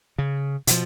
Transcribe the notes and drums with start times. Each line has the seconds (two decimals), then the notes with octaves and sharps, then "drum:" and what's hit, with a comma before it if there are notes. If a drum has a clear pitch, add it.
0.18 C#3
0.67 B2 F3, drum: hi-hat